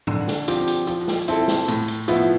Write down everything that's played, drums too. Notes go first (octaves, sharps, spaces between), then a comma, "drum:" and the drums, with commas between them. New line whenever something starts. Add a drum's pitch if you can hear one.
D3, drum: tom G#2
drum: snare
F3 C4 G4, drum: hi-hat
drum: hi-hat
F3, drum: hi-hat
drum: snare
C4 E4 A4, drum: hi-hat
drum: snare
A2, drum: hi-hat
drum: hi-hat
F3 B3 E4, drum: hi-hat